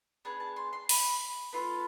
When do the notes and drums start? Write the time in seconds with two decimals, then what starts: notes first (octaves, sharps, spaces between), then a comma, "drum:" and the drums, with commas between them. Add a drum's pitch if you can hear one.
0.25 B3 D4 G#4 A5
0.40 A5
0.56 C6
0.73 C6
0.89 B5, drum: open hi-hat
1.53 B3 F4 A4